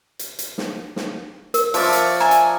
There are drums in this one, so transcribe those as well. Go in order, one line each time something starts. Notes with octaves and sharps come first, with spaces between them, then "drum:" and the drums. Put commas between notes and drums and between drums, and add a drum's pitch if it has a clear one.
drum: hi-hat
drum: hi-hat
drum: snare
drum: snare
A#4, drum: hi-hat
F3 D5 E5 C#6, drum: open hi-hat
drum: hi-hat
E5 G#5 A#5
drum: hi-hat